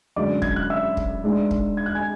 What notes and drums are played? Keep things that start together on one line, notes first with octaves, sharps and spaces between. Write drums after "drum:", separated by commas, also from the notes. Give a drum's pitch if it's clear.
F#2 D3 G#3 D5 D6
G#6, drum: kick
F#6
E5 E6
drum: kick
G#2 G#3 D4
drum: kick
G#6
F#6
G#5 G#6